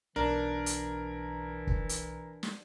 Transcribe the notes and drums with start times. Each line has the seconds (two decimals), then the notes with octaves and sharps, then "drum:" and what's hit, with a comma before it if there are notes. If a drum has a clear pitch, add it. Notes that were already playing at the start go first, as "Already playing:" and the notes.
0.16 B1 E3 D4 A#4
0.66 drum: hi-hat
1.67 drum: kick
1.89 drum: hi-hat
2.43 drum: snare